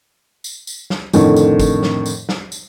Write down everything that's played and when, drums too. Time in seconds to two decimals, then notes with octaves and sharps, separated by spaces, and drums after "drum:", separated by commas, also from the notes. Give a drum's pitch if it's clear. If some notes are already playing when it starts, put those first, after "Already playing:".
0.44 drum: tambourine
0.67 drum: tambourine
0.90 drum: snare
1.13 F2 A2 D3 D#3, drum: tambourine
1.36 drum: tambourine
1.60 drum: kick, tambourine
1.83 drum: snare
2.06 drum: tambourine
2.29 drum: snare
2.52 drum: tambourine